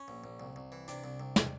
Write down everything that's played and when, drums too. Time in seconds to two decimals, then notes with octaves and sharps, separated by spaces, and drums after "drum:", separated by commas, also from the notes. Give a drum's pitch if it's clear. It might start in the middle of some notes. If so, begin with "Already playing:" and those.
Already playing: C#4
0.08 A#1
0.24 A#1
0.40 C2
0.56 C2
0.72 E3
0.88 C3 D4, drum: hi-hat
1.04 C2
1.20 C2
1.36 drum: snare